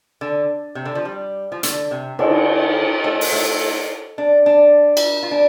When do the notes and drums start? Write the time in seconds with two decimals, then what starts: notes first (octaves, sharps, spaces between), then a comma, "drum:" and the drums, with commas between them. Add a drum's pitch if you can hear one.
0.21 D3
0.75 C3
0.85 D3
0.95 F3
1.05 G3
1.52 F3
1.63 D3, drum: hi-hat
1.91 C3
2.19 D3, drum: cymbal
3.04 A3
3.21 drum: open hi-hat
3.32 A3
4.18 D4
4.46 D4
4.97 drum: cymbal
5.23 F4
5.31 D4